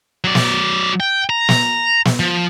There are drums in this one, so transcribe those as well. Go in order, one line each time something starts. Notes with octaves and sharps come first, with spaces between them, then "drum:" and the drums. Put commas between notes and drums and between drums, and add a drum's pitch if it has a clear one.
F#3 D5
drum: snare
G5
A#5
drum: snare
drum: snare
F3